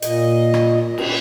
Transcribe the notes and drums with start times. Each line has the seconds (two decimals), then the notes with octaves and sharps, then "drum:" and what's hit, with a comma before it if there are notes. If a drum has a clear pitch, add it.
0.02 A#2 D#5, drum: hi-hat
0.54 drum: rim click
0.98 drum: cymbal